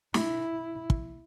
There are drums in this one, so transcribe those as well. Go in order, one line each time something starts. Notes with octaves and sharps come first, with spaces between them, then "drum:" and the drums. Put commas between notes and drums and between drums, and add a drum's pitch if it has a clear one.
E4, drum: snare
drum: kick